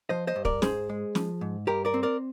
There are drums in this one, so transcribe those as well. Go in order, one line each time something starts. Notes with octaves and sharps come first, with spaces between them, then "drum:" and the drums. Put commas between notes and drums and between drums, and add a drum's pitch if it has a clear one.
F3 C5 D#5
C5 D#5
G2
A#4 D5, drum: kick
G#2 G#4 C5, drum: snare
G#3
F3, drum: snare
G#2
G2 G4 A#4
A#4 D5
C4
A#4 D5